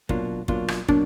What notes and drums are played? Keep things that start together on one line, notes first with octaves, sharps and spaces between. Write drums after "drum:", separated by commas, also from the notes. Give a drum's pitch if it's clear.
B2 F#3 A#3 D4 F4, drum: kick
B2 F#3 A#3 D4 F4, drum: kick
drum: rim click
B2 F#3 A#3 D4, drum: kick